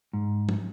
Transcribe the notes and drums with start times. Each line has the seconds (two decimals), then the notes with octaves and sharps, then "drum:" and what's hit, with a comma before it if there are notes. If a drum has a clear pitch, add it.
0.13 G#2
0.49 drum: tom F3